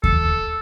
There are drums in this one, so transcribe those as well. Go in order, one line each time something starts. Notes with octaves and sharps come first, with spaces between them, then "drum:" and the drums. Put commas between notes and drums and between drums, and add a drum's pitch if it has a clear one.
A4, drum: kick D#2